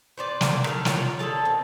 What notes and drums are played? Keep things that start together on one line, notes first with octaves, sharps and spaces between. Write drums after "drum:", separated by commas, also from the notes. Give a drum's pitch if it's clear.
B4 C5 D5
drum: snare
D#3 A3 F5, drum: rim click
F4 C#5 F#5, drum: snare
D3 D#3 A4 A5
C4